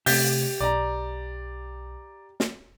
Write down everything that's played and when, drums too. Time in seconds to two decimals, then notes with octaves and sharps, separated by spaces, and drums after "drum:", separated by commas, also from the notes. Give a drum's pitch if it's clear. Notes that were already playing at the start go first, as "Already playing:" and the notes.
0.06 C3 A3 G4 G6 A6 B6, drum: open hi-hat
0.61 B1 D5 A#5
2.40 drum: snare